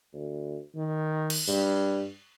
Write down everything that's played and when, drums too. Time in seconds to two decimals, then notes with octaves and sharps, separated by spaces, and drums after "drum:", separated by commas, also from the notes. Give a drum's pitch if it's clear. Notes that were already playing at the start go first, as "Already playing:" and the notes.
0.13 D2
0.75 D#3
1.30 drum: cymbal
1.47 G2, drum: tambourine